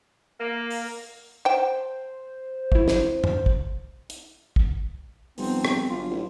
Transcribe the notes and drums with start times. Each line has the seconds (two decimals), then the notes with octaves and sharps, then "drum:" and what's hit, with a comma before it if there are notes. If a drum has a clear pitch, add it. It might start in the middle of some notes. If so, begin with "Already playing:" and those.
0.40 A#3
0.71 drum: open hi-hat
1.45 C5 G5 A5
2.72 A3 E4, drum: kick
2.88 drum: snare
3.24 drum: tom
3.46 drum: kick
4.10 drum: hi-hat
4.56 drum: kick
5.38 F1 G3 B3 C4, drum: open hi-hat
5.65 drum: rim click
5.90 G1 F#3 F4
6.10 A1